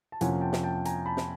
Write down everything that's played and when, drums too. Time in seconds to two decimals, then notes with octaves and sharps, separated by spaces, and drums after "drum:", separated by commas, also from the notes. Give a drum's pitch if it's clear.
0.12 A5
0.21 F2 C3 F3 A#3 C#4 F#5 G#5, drum: hi-hat
0.41 G5 A5
0.53 drum: snare
0.63 G5 A5
0.85 G#5 A#5, drum: hi-hat
1.06 A5 B5
1.17 drum: snare